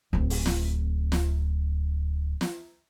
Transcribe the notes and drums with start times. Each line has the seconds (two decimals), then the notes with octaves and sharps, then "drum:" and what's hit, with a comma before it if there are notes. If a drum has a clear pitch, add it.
0.13 D1 C4
0.30 drum: open hi-hat
0.46 drum: snare
1.12 drum: snare
2.41 drum: snare